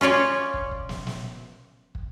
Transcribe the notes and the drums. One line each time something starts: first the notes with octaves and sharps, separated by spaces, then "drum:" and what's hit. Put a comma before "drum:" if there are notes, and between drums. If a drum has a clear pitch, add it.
C#4 F4 C#5 D5
drum: kick
drum: kick
drum: snare
drum: snare
drum: kick